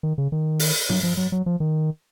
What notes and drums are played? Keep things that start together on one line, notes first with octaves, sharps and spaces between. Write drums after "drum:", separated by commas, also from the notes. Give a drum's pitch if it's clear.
D#3
C#3
D#3
drum: open hi-hat
F#3, drum: tom G2
F3
F#3
F#3
F3
D#3